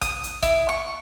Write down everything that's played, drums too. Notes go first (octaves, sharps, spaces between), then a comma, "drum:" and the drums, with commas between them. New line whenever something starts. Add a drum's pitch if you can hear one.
D#6, drum: kick A1, hi-hat
drum: hi-hat
E4, drum: kick A1, hi-hat
C#6